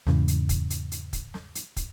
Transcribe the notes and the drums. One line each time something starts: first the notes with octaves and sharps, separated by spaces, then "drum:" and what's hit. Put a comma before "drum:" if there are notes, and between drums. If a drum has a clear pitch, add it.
E2 G#2 C#3 E3, drum: snare
drum: hi-hat
drum: kick, hi-hat
drum: hi-hat
drum: hi-hat
drum: kick, hi-hat
drum: snare
drum: hi-hat
drum: kick, hi-hat